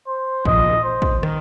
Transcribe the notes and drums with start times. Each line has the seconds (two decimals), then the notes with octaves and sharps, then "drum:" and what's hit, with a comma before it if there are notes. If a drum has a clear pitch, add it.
0.08 C5
0.45 C2 A#2 F3 D#5, drum: kick
0.83 C5
1.02 drum: kick
1.23 D#3, drum: rim click